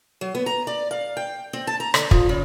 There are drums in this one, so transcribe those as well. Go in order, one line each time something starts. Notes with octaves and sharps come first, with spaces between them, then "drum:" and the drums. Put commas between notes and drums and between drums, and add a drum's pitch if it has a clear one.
F#3
B3
A#5
D5
F5
G5
C4
A5
A#5
D3, drum: rim click
F3, drum: kick
C#3